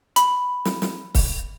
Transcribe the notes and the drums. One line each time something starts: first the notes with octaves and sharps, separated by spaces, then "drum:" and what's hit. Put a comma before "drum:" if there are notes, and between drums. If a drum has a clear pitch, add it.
B5, drum: hi-hat
drum: snare
drum: snare
drum: kick C#1, open hi-hat